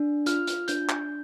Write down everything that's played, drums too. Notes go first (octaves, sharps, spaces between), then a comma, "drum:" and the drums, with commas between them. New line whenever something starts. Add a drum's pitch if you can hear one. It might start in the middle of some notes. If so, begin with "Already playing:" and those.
Already playing: D4
F4 F6, drum: hi-hat
drum: hi-hat
D4 G6, drum: hi-hat
drum: clap